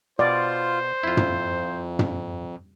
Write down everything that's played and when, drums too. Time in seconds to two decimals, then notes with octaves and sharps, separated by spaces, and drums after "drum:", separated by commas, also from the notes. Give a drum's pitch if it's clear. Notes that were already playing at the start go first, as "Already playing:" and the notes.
0.19 B2 F4 C5 D5
1.03 F2 E4 F4
1.17 drum: tom
1.99 drum: tom